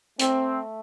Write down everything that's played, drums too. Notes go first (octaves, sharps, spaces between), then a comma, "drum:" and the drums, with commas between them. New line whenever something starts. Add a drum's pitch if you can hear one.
A3 C4, drum: hi-hat